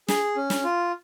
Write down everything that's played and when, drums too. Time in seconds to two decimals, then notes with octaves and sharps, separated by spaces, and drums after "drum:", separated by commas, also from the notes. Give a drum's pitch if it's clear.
0.08 G#4, drum: snare
0.36 C#4
0.50 drum: snare
0.64 F4